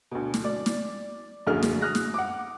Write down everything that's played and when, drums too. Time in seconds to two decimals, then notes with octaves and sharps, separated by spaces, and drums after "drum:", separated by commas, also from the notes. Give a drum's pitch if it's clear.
0.11 D2 B2
0.34 drum: snare
0.44 D5
0.66 drum: snare
1.47 A#1 F#2 D3 G#4 F6
1.63 drum: snare
1.81 D#6 F6 F#6 A#6
1.95 drum: snare
2.14 F#5 D6